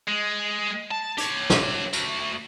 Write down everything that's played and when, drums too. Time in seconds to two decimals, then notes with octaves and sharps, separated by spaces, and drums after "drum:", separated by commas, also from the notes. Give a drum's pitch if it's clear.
0.08 G#3
0.91 A5
1.18 G4 C#5, drum: hi-hat
1.50 drum: snare
1.93 A3 F#4, drum: tambourine